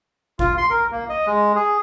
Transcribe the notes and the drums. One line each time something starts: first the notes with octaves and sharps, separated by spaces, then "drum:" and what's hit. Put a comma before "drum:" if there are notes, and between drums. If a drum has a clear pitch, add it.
F4, drum: kick G1
C6
A#4
A#3
D#5
G#3
G#4